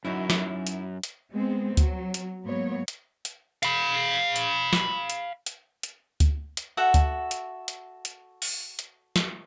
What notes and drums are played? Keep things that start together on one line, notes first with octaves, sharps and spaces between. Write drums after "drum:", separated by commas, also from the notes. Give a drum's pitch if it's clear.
F#2 F#3 D#4 E4
drum: snare
drum: hi-hat
drum: hi-hat
G#3 B3 C4
F#3, drum: kick D2, hi-hat
drum: hi-hat
G#2 F#3 A#3 B3 C#5
drum: hi-hat
drum: hi-hat
F5 B5, drum: hi-hat
drum: hi-hat
drum: snare
drum: hi-hat
drum: hi-hat
drum: hi-hat
drum: kick D2, hi-hat
drum: hi-hat
F#4 A4 E5 F#5
drum: kick D2, hi-hat
drum: hi-hat
drum: hi-hat
drum: hi-hat
drum: open hi-hat
drum: hi-hat
drum: snare